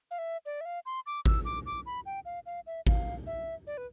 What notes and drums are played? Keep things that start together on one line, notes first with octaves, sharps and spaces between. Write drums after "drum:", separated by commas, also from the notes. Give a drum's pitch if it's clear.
F5
E5
D5
E5
F5
C6
D6
E6, drum: kick G#1
D6
D6
B5
G5
F5
F5
E5
F5, drum: kick G#1
E5
D5
B4